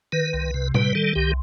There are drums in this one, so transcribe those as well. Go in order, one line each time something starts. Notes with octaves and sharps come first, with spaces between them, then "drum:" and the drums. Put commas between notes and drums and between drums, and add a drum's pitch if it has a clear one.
D#3 B4
C2
C3
G3 B4, drum: tom A2
D#3 A4
C2 G4